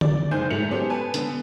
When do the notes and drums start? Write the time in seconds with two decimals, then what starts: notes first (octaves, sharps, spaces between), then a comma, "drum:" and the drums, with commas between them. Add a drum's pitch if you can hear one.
0.01 D5, drum: tom D3
0.31 F#1 D#3 C5 G#5 G6
0.50 G#2 F#3 A3 C#7 F7 F#7
0.71 B3 C#4 G4 A4 C5
0.90 B4 G#5 A5
1.14 D3 B3, drum: hi-hat